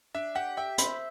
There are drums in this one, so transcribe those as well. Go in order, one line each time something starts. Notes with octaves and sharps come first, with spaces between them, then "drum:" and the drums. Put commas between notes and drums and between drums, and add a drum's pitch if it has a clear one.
D4 E5
G4 F#5
E5 G5
C5 B5, drum: hi-hat